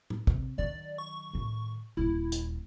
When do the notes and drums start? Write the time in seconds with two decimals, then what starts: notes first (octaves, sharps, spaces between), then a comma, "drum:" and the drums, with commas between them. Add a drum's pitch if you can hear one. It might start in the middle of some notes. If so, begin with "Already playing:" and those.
0.10 drum: tom A2
0.27 C3, drum: kick
0.58 D#3 F#3 D5
0.98 C#6
1.33 A2 D#3
1.97 D#1 A#3 E4
2.32 drum: hi-hat